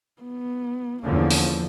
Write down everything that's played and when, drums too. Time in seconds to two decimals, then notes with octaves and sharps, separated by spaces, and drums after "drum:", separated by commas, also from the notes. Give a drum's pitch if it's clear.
0.22 B3
1.02 E2 D3 F3 A#3 C#4
1.31 drum: open hi-hat